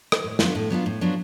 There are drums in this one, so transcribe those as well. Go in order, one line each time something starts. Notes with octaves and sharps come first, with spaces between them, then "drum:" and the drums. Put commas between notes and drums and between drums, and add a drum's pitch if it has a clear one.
drum: rim click
A2
F#3 B3 D4 F4, drum: snare
A2
F#3 B3 D4 F4
A2
F#3 B3 D4 F4